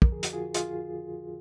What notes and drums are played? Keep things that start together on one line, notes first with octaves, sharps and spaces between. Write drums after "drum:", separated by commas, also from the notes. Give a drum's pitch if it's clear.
F2 D3 F3 A#4, drum: kick
G#4
F#4, drum: hi-hat
F4 G#4
F4 G#4, drum: hi-hat